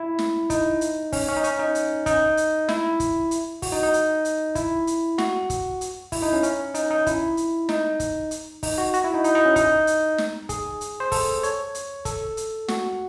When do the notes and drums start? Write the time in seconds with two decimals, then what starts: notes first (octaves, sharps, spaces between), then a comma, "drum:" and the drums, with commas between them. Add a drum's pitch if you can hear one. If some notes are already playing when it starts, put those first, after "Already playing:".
Already playing: E4
0.19 drum: snare
0.50 D#4, drum: kick, hi-hat
0.81 drum: hi-hat
1.13 C#4, drum: kick, open hi-hat
1.28 C#4
1.36 D#4
1.44 C#4, drum: hi-hat
1.59 D#4
1.75 drum: hi-hat
2.06 D#4, drum: kick, hi-hat
2.37 drum: hi-hat
2.69 E4, drum: snare
3.00 drum: kick, hi-hat
3.31 drum: hi-hat
3.62 F#4, drum: kick, open hi-hat
3.72 D#4
3.83 D#4
3.93 drum: hi-hat
4.25 drum: hi-hat
4.55 E4, drum: kick, hi-hat
4.87 drum: hi-hat
5.18 F#4, drum: snare
5.50 drum: kick, hi-hat
5.81 drum: hi-hat
6.12 E4, drum: kick, open hi-hat
6.23 D#4
6.33 C#4
6.43 C#4, drum: hi-hat
6.75 D#4, drum: hi-hat
6.91 D#4
7.07 E4, drum: kick, hi-hat
7.37 drum: hi-hat
7.69 D#4, drum: snare
8.00 drum: kick, hi-hat
8.31 drum: hi-hat
8.63 D#4, drum: kick, open hi-hat
8.78 F#4
8.94 F#4, drum: hi-hat
9.04 E4
9.14 D#4
9.24 D#4, drum: hi-hat
9.35 D#4
9.45 C#4
9.56 D#4, drum: kick, hi-hat
9.87 drum: hi-hat
10.18 drum: snare
10.49 G#4, drum: kick, hi-hat
10.81 drum: hi-hat
11.00 C5
11.12 A4, drum: kick, open hi-hat
11.43 C#5, drum: hi-hat
11.75 drum: hi-hat
12.05 A4, drum: kick, hi-hat
12.37 drum: hi-hat
12.68 F#4, drum: snare